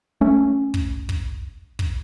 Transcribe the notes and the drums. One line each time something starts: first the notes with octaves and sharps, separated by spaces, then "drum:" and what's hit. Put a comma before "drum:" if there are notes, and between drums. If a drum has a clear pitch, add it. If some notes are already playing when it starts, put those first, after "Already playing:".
A3 C#4
drum: kick
drum: kick
drum: kick